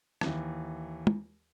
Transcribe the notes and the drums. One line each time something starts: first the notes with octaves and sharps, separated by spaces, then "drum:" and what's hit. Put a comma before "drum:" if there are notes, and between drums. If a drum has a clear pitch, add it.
D#2 E3, drum: rim click
drum: tom